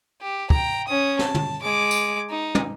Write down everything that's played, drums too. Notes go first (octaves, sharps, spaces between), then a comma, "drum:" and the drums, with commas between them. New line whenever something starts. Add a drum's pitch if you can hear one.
G4
G5 A#5, drum: kick
C#4 D#6
A5, drum: snare
drum: tom
G#3 D6
drum: tambourine
D#4
drum: tom